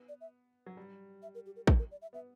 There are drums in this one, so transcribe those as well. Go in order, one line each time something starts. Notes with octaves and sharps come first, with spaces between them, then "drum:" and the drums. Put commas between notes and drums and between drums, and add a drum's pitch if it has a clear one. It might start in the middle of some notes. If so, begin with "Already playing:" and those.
Already playing: B3
D5
E5
F#3
G3
E5
A#4
G4
A#4
B4, drum: kick
A#4
D5
E5
B3 E5